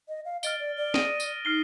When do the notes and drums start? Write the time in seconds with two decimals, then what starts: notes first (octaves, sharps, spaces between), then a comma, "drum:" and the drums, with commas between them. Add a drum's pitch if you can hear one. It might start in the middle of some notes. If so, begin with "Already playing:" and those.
0.08 D#5
0.25 F5
0.43 D#5 F6 A6 D7 G7, drum: tambourine
0.60 D5
0.77 D5
0.94 D#6 A#6 D#7, drum: snare
1.20 drum: tambourine
1.45 D#4 F6 C7 G7